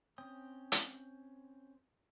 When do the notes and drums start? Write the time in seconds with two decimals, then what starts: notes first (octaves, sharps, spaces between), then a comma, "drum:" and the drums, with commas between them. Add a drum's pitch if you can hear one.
0.18 C4 C#4 G5 D#6
0.72 drum: hi-hat